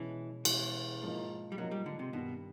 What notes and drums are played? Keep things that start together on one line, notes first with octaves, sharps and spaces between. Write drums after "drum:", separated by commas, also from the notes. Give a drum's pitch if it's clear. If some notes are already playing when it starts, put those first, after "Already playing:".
Already playing: B2 E3 G#3 C#4
B2 E3 G#3 C#4, drum: cymbal
G#2 F3 A#3 D#4
G3
G#2 F3 F#3 A#3 D#4
G3
D3
C3
G2 B2 D#3 G3